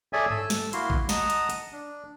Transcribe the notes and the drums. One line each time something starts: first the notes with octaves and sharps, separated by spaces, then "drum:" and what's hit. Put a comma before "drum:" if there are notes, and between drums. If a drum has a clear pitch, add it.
G#4 A4 C#5 D5 E5 G#5
A4 E6, drum: tom G2
drum: snare
A#3 E4 F#4 C6, drum: hi-hat
drum: kick A1
D#5 F#5 A5 A#5 D#6, drum: snare
drum: hi-hat
drum: hi-hat
D4